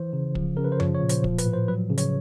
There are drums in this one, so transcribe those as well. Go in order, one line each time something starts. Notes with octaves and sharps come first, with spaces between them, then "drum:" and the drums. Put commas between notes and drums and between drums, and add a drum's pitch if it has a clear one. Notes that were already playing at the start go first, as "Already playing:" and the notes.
Already playing: E3 C5
C#3
F3, drum: kick
C#3 A#4
B4
C5
F3 C#5, drum: tom F#2
C#5
A#2
C5, drum: hi-hat
F3, drum: kick
B4, drum: hi-hat
A2
C5
F#3 B4
C#3
C#5, drum: hi-hat